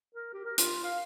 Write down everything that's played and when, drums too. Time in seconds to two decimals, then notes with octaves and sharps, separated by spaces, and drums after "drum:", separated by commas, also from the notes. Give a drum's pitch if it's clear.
0.15 A#4
0.34 G4
0.45 A#4
0.58 F4, drum: hi-hat
0.84 F5